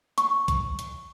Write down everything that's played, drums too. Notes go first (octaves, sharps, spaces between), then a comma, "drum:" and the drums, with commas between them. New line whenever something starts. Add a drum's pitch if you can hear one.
C#6, drum: hi-hat
drum: kick, hi-hat
drum: hi-hat